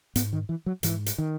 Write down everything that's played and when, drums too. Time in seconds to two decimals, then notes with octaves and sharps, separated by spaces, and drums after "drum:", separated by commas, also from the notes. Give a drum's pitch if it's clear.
0.15 G#2 B3, drum: hi-hat
0.33 D#3
0.49 E3
0.66 F#3
0.83 G#2 E3, drum: hi-hat
1.06 drum: hi-hat
1.18 D#3